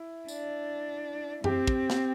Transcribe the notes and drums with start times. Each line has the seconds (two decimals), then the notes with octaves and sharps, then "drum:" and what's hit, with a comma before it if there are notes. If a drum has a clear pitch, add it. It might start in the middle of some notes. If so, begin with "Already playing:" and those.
Already playing: E4
0.28 D4, drum: tambourine
1.44 C4 G4, drum: tom F#2
1.67 drum: kick
1.90 drum: snare